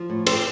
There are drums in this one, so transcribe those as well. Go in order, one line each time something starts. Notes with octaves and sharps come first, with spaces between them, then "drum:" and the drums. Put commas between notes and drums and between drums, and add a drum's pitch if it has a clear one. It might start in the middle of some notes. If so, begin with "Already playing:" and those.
Already playing: F3
A2
C4 C5, drum: cymbal